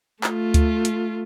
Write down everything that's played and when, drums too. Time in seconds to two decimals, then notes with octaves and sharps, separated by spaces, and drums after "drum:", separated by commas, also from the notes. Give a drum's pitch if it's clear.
0.24 A3 F4, drum: clap
0.54 drum: kick D2, hi-hat
0.85 drum: hi-hat